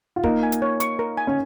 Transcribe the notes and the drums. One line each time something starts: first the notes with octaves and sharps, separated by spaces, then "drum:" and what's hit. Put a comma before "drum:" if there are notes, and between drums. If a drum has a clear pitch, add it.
F4
A#3 D#4 A#4, drum: kick
G#5
drum: hi-hat
C#5
C#6, drum: hi-hat
A#4
G#5
C#4